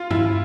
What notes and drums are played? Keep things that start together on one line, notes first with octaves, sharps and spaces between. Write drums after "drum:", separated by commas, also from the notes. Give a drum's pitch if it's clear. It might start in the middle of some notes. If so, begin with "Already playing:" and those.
Already playing: F4
E4, drum: tom G2